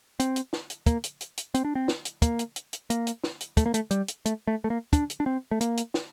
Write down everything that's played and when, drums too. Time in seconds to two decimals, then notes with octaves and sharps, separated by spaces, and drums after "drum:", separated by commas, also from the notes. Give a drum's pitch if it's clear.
0.20 C4, drum: hi-hat
0.36 drum: hi-hat
0.53 drum: snare
0.70 drum: hi-hat
0.86 A#3, drum: kick, hi-hat
1.04 drum: hi-hat
1.20 drum: hi-hat
1.37 drum: hi-hat
1.54 C4, drum: hi-hat
1.65 D4
1.75 C4
1.88 drum: snare
2.05 drum: hi-hat
2.22 A#3, drum: kick, hi-hat
2.39 drum: hi-hat
2.56 drum: hi-hat
2.73 drum: hi-hat
2.90 A#3, drum: hi-hat
3.07 drum: hi-hat
3.24 drum: snare
3.40 drum: hi-hat
3.57 A3, drum: kick, hi-hat
3.66 A#3
3.74 A3, drum: hi-hat
3.91 G3, drum: hi-hat
4.08 drum: hi-hat
4.25 A3, drum: hi-hat
4.47 A3
4.64 A3
4.70 A#3
4.93 D4, drum: kick, hi-hat
5.10 drum: hi-hat
5.20 D4
5.26 C4
5.51 A3
5.61 A#3, drum: hi-hat
5.77 drum: hi-hat
5.94 drum: snare